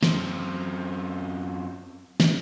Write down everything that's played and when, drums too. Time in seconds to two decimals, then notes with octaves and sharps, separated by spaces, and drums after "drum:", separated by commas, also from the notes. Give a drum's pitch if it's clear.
0.03 F#2 C4, drum: snare
2.20 drum: snare